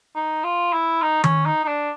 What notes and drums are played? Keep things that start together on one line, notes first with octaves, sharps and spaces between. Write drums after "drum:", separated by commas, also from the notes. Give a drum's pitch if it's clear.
D#4
F4
E4
D#4
C#4, drum: tom D#3
D#4
D#4
D4